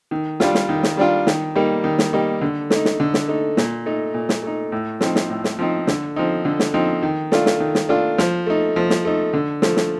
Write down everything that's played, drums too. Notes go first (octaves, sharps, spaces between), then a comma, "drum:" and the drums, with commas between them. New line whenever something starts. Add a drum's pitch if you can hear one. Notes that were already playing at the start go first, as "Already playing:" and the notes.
D#3
G3 D4 F4, drum: snare
drum: snare
D#3
drum: snare
G3 D4 F4
D#3, drum: snare
G3 A#3 D#4
D#3
drum: snare
G3 A#3 D#4
D3
A3, drum: snare
D#4
drum: snare
D3
drum: snare
A3 D#4
A#2, drum: snare
A3 D#4
A#2
drum: snare
A3 D#4
A2
F3 C4 D#4, drum: snare
drum: snare
A2
drum: snare
F3 C4 D#4
D3, drum: snare
F3 C4 D#4
D3
drum: snare
F3 C4 D#4
D#3
A3 D4 F4, drum: snare
drum: snare
D#3
drum: snare
A3 D4 F4
F3, drum: snare
A3 D#4
F3
drum: snare
A3 D#4
D3
F3 A3, drum: snare
drum: snare